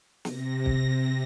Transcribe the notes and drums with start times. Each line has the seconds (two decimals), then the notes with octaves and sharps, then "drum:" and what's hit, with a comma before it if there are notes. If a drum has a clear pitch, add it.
0.25 C3 A#6, drum: snare
0.66 drum: kick